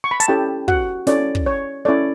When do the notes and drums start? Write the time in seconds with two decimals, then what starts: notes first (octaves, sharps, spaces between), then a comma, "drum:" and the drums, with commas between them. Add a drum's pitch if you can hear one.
0.04 C#6
0.11 B5
0.20 A5, drum: hi-hat
0.28 C#4 E4 G4 A4 C#5 G5
0.68 F#4 F#5, drum: kick
1.07 C#4 E4 A4 C#5 D5, drum: snare
1.35 drum: kick
1.46 C#5
1.85 C#4 E4 A4 C#5 D5